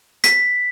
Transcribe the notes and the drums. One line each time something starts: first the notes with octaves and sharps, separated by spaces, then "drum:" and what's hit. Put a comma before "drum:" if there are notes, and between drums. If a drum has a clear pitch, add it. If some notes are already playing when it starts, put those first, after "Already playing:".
B6, drum: hi-hat